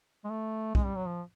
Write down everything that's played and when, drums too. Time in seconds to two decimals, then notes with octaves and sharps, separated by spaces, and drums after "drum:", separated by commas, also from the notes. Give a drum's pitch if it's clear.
0.25 G#3
0.30 A3
0.75 G#3, drum: kick B1
0.85 G3
0.96 F#3
1.06 F3